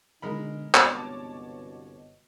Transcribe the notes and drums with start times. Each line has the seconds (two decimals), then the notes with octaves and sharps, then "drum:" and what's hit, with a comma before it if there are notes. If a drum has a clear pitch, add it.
0.22 B2 D3 G#3 D#4 A#4 B5
0.74 G1 C2 B2 C#5 A5 D6, drum: clap